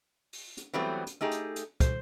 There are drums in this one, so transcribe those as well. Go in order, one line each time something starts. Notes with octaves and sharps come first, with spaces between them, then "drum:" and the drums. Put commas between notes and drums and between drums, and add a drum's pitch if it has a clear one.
drum: open hi-hat
drum: hi-hat
E3 F#3 G3 A3 B3 C4
drum: hi-hat
A3 D#4 G4 G#4
drum: hi-hat
drum: hi-hat
C5, drum: kick, hi-hat